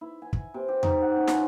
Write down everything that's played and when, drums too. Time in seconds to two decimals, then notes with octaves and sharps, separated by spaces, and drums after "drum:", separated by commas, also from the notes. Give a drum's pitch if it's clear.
0.01 E4
0.22 G#5
0.33 drum: kick
0.54 C3
0.68 G4
0.83 D#4, drum: tom E2
1.02 F#5
1.17 C#4
1.28 F3, drum: snare